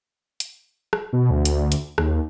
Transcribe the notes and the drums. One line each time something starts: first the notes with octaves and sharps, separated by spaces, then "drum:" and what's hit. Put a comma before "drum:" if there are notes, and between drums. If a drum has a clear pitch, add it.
drum: hi-hat
drum: rim click
B2
D2
drum: hi-hat
drum: hi-hat
D#2, drum: rim click